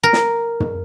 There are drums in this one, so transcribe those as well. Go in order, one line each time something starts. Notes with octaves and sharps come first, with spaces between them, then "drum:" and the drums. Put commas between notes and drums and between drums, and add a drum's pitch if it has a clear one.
A#4
drum: snare
drum: tom